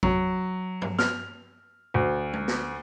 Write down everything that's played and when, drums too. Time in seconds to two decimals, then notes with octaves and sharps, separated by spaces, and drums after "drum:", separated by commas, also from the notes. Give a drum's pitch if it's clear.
0.03 F#3, drum: kick
0.82 drum: tom G2
0.99 F6, drum: snare
1.94 D2
2.33 drum: tom G#3
2.48 drum: snare